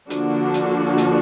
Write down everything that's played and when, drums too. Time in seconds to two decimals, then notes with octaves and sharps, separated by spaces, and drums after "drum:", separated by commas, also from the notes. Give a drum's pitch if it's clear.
0.10 D3 F3 A#3 D4 F#4, drum: hi-hat
0.54 drum: hi-hat
0.98 drum: hi-hat